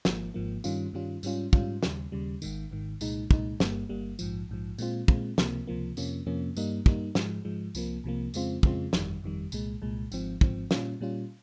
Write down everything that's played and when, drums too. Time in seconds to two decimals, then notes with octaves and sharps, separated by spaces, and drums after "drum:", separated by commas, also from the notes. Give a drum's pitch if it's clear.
0.05 G#1 G#2 F3 A#3, drum: snare
0.34 G#1 G#2 F3 A#3
0.64 G2 D#3 G3 C#4 F4, drum: tambourine
0.93 G2 D#3 G3 C#4 F4
1.23 G#2 G3 C#4 F4, drum: tambourine
1.53 G#2 G3 C#4 F4, drum: kick
1.83 D#2 C#3 G3, drum: snare
2.12 D#2 C#3 G3
2.42 G#1 G#2 D#3, drum: tambourine
2.71 G#1 G#2 D#3
3.01 C2 A#2 G#3 D#4, drum: tambourine
3.31 C2 A#2 G#3 D#4, drum: kick
3.60 G1 G2 G3 A#3, drum: snare
3.89 G1 G2 G3 A#3
4.19 A#1 G#2 F3, drum: tambourine
4.49 A#1 G#2 F3
4.79 A#2 G#3 C4 F4, drum: tambourine
5.08 A#2 G#3 C4 F4, drum: kick
5.38 C#2 C3 F3 A#3, drum: snare
5.67 C#2 C3 F3 A#3
5.97 F2 C3 F3 A#3 C#4, drum: tambourine
6.26 F2 C3 F3 A#3 C#4
6.57 G2 G3 A#3 D#4, drum: tambourine
6.86 G2 G3 A#3 D#4, drum: kick
7.15 G#2 F3 G#3, drum: snare
7.45 G#2 F3 G#3
7.75 C2 C3 F3 A#3, drum: tambourine
8.04 C2 C3 F3 A#3
8.34 F2 C#3 G#3 C4 F4, drum: tambourine
8.63 F2 C#3 G#3 C4 F4, drum: kick
8.93 G1 F2 D#3 G3, drum: snare
9.23 G1 F2 D#3 G3
9.52 C2 A#2 G#3, drum: tambourine
9.82 C2 A#2 G#3
10.12 G#1 G#2 F3 C4, drum: tambourine
10.41 G#1 G#2 F3 C4, drum: kick
10.71 A#2 G3 C#4 F4, drum: snare
11.01 A#2 G3 C#4 F4